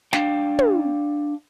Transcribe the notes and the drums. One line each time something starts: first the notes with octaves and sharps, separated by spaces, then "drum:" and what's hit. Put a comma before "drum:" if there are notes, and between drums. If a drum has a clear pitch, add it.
D4 F5 G5, drum: snare
drum: tom